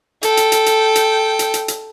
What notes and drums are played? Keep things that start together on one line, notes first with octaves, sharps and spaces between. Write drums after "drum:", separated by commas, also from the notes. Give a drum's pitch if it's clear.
A4 G5, drum: hi-hat
drum: hi-hat
drum: hi-hat
drum: hi-hat
drum: hi-hat
drum: hi-hat
drum: hi-hat
drum: hi-hat